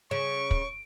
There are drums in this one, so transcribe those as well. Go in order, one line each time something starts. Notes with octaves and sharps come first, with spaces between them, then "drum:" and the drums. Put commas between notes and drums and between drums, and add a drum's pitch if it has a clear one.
C#3 C#5 C#6 D7
drum: kick